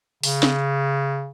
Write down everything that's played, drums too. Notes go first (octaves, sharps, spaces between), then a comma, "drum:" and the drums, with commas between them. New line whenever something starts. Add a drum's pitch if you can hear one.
C#3, drum: open hi-hat
drum: snare